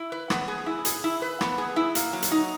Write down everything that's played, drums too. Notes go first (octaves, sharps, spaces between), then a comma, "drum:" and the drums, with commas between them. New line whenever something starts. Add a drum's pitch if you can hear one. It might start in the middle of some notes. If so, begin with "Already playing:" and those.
Already playing: E4
B4
B3, drum: rim click
G#4
E4
G#4, drum: hi-hat
E4
B4
B3, drum: rim click
G#4
E4
A#3, drum: hi-hat
F#3
drum: hi-hat
D#4